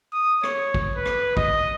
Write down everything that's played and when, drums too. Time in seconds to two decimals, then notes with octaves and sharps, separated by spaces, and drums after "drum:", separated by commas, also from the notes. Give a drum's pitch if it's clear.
0.12 D#6
0.43 C#5, drum: rim click
0.74 drum: kick
0.95 B4
1.05 drum: rim click
1.37 D#5, drum: kick